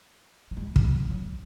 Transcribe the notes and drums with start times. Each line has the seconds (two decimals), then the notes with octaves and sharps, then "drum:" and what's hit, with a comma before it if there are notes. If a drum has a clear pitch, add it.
0.51 F#3
0.57 G#3
0.76 F3, drum: kick
0.84 F#3
1.11 F#3